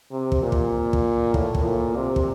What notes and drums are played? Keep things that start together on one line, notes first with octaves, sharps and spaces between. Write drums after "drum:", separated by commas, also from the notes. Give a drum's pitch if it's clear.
C3
drum: kick
A#2
drum: kick
drum: kick
A2, drum: kick
drum: kick
A#2
C3
drum: kick